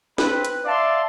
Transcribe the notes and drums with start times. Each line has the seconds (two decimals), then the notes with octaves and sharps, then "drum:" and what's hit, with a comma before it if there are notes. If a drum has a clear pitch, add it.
0.18 C4 B4, drum: snare
0.45 drum: hi-hat
0.65 D5 E5 F5 A5 C6